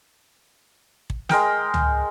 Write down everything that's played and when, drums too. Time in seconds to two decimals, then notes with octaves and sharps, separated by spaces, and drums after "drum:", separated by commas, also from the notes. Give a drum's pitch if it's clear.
1.10 drum: kick
1.29 G#3 A#4 G5, drum: snare
1.74 drum: tom C#2